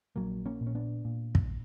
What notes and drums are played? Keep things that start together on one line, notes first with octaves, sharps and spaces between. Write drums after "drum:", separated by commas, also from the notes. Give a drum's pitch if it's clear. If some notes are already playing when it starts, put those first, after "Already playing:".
A#1 F#3 A#3
A#3 C#4
A#2
C#4
B3 D4
A#2
drum: kick